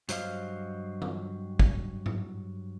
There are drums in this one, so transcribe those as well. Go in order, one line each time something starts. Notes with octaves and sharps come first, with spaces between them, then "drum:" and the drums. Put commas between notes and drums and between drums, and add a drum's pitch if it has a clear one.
G2 F#3 C5 D#5 F5, drum: hi-hat
drum: tom E3
drum: kick
drum: tom G#2